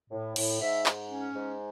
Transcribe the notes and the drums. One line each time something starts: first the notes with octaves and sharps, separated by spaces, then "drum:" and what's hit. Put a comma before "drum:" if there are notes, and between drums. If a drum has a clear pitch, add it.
A2
A2, drum: cymbal
G#2 E5
G#2, drum: clap
C#4
G#2